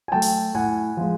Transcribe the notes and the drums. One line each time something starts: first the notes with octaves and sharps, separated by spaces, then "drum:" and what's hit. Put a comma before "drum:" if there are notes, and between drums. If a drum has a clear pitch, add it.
G#5
F#3 A3 G5 A5
drum: open hi-hat
A2 F#5 G#5
F3 G#3